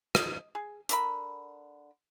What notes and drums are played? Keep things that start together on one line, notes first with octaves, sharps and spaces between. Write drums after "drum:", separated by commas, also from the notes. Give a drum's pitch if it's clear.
D#5, drum: rim click
G#4
D3 A#4 B5, drum: hi-hat